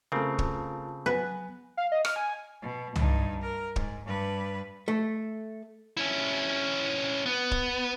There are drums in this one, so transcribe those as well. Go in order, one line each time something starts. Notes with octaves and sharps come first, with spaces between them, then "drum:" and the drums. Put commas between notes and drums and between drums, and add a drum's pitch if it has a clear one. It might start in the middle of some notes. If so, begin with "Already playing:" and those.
C#3 A3 C4 F4 A#4 A5
drum: kick
F#3 B3 B4 G#5
F5
D#5
F6, drum: rim click
G#5
B2
G2 D#4, drum: tom
A#4
G#2, drum: kick
G2 B4
A3
C#4 E4
B3
drum: kick